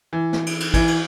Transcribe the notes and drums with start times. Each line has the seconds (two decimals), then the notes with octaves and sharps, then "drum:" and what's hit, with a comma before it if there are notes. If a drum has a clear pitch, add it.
0.13 E3
0.33 drum: snare
0.46 drum: cymbal
0.60 drum: cymbal
0.74 E3, drum: kick, cymbal
0.88 drum: cymbal